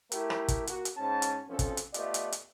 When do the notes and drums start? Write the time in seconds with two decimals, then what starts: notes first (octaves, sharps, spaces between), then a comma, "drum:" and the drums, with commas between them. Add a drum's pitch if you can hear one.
0.12 A3 E4 G4 A#4, drum: hi-hat
0.30 drum: rim click
0.48 drum: kick, hi-hat
0.67 A#3 F#4, drum: hi-hat
0.85 drum: hi-hat
0.97 G#2 C#4 A5
1.22 drum: hi-hat
1.48 B1 B2 F3 C4 C#4 A4
1.59 drum: kick, hi-hat
1.77 drum: hi-hat
1.94 A3 B3 F4 G4 D5 D#5, drum: hi-hat
2.14 drum: hi-hat
2.32 drum: hi-hat